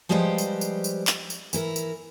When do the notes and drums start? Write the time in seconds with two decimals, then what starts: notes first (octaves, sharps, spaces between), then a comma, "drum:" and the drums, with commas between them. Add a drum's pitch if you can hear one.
0.09 F3 G3 G#3 G4 B4 C5
0.38 drum: tambourine
0.61 drum: tambourine
0.84 drum: tambourine
1.07 drum: clap
1.30 drum: tambourine
1.53 E3 E4 A#4, drum: tambourine
1.76 drum: tambourine